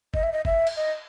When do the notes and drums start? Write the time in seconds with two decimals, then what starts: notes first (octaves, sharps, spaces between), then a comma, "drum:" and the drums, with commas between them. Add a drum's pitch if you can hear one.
0.14 D#5, drum: kick
0.23 E5
0.32 D#5
0.45 E5, drum: kick
0.67 drum: cymbal
0.76 D#5